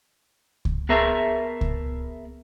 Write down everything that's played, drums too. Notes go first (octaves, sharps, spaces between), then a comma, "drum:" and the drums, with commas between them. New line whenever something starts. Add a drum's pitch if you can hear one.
drum: kick C#2
B3 G#4 A#4 E5 A5 A#5
drum: kick C#2